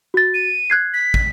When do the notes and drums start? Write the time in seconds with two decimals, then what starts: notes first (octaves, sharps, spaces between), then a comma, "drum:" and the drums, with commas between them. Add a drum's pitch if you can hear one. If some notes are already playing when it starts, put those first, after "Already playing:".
0.14 F#4 A6
0.34 D#7
0.70 F#6 G#6 C7
0.94 B6
1.14 drum: kick